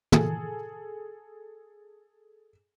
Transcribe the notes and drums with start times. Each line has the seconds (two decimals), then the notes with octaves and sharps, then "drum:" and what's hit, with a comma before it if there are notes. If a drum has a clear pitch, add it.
0.12 G#4 A4, drum: tom